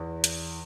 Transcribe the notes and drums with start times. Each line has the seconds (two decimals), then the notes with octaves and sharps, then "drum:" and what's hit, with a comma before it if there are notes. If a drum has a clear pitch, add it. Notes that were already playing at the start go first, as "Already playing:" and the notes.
Already playing: E2 E3
0.24 drum: hi-hat